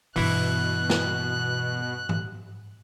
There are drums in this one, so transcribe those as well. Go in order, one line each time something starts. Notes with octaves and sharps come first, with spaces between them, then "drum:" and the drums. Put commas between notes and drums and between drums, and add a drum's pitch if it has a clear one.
G2 B2 E3 G3 E4 F#6, drum: open hi-hat
drum: snare
drum: tom